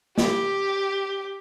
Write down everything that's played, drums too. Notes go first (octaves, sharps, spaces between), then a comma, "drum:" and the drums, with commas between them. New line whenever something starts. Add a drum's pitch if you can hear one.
G4, drum: snare